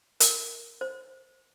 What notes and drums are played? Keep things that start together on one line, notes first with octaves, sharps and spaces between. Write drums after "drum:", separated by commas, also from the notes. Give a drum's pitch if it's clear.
A#4, drum: hi-hat
C5